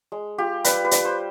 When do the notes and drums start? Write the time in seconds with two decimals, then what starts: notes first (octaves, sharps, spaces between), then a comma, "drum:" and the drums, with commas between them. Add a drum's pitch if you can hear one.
0.12 G#3
0.38 F4 G4
0.64 G3 B4, drum: hi-hat
0.85 B4
0.91 G3, drum: hi-hat
1.05 C5